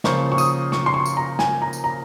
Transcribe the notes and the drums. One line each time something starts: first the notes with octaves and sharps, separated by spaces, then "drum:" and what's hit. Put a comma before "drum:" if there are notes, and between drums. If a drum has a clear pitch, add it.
C#3 F3 A#3 F4 C5 C#6, drum: snare
C#6
D#6, drum: tambourine
C#6, drum: snare
C6
C#6
drum: tambourine
A#5
G#5, drum: snare
A#5
drum: tambourine
A#5